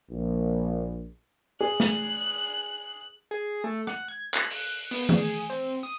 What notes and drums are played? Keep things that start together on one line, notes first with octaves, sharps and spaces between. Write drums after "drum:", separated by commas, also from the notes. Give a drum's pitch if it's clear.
A#1
G#4 F#6
drum: snare
G#4
A3
F#5, drum: rim click
G#6
F#6, drum: clap
drum: open hi-hat
B3, drum: open hi-hat
G#4, drum: tom D#3
C4
D#6